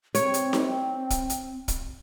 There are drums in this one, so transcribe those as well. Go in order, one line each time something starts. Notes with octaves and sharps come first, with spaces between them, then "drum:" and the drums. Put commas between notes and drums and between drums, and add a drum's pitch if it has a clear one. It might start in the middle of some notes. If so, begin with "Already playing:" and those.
C4 C#5, drum: hi-hat
drum: hi-hat
drum: snare D#4
drum: kick, hi-hat
drum: hi-hat
drum: kick, hi-hat